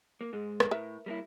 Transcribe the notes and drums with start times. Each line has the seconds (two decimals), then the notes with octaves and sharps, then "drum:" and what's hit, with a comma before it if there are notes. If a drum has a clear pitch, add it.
0.21 A#3
0.33 G#2 G#3
0.60 drum: rim click
0.71 A2 A#4 B4 E5
1.06 G3 A#3 E4